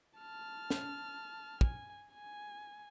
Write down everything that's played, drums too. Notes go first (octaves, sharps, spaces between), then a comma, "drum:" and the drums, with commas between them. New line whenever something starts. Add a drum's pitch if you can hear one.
A5 F6
drum: snare
G#5, drum: kick
G#5